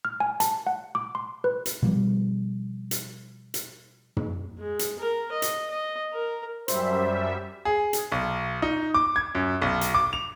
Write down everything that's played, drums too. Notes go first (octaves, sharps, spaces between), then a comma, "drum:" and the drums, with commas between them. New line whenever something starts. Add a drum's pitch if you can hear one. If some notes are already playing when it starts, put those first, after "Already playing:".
F6
G#5
A5, drum: hi-hat
F#5
D6
C6
B4
drum: hi-hat
B2 F3 G3
drum: hi-hat
drum: hi-hat
drum: tom
G#3
drum: hi-hat
A#4
D#5
drum: hi-hat
D#5
A#4
F#2 G3 C5 E5, drum: hi-hat
G#4
drum: hi-hat
B1
D#4
D6
G#6
F#2
B1
drum: hi-hat
D6
F7